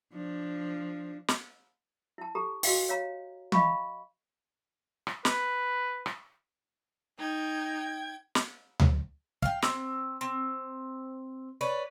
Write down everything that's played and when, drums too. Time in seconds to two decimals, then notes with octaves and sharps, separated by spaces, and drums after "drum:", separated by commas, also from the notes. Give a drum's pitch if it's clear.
0.13 F3 D4
1.28 drum: snare
2.18 E4 A5
2.35 G4 A4 A#5
2.63 F#4 D#5 F5 G5, drum: open hi-hat
2.89 C#5 F5 A#5
3.52 D#5 F5 B5 C#6, drum: tom E3
5.07 drum: rim click
5.25 B4, drum: snare
6.06 drum: rim click
7.19 D#4 G5 G#6
8.35 drum: snare
8.80 drum: tom D2
9.42 F5 G5, drum: kick
9.62 C4, drum: snare
10.21 C4
11.61 B4 C#5 D5